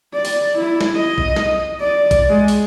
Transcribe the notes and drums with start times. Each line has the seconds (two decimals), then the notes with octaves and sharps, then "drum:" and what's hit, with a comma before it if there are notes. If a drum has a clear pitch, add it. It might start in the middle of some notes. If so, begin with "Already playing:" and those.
0.14 D5
0.25 drum: open hi-hat
0.58 E4
0.81 drum: snare
0.96 D#5
1.18 drum: kick
1.36 drum: snare
1.81 D5
2.11 drum: kick, hi-hat
2.30 G#3
2.48 drum: open hi-hat